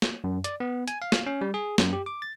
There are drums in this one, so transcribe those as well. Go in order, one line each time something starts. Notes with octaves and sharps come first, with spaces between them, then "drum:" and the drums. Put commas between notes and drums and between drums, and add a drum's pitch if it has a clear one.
drum: snare
F#2
D5, drum: hi-hat
B3
G#5, drum: hi-hat
F5
drum: snare
C#4
G3
G#4
F#2, drum: snare
G4
D6
A6